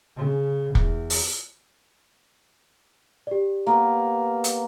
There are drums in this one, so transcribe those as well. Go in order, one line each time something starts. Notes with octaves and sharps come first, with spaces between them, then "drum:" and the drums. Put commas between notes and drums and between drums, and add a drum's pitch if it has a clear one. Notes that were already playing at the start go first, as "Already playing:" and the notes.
C#3
E2, drum: kick
drum: open hi-hat
G4 D5
A#3 B3
drum: hi-hat